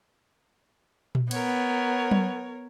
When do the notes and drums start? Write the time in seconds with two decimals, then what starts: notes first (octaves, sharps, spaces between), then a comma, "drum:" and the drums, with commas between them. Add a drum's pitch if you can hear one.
1.15 drum: tom A#2
1.31 B3 A#4 C#5, drum: cymbal
2.11 drum: tom F#3